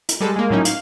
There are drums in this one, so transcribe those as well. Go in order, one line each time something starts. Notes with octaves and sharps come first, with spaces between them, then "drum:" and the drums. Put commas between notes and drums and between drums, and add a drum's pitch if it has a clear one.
drum: hi-hat
G3 G#3 A4
G#3 A#3
A2 F#3 A#3 C#4 D#4
F5, drum: hi-hat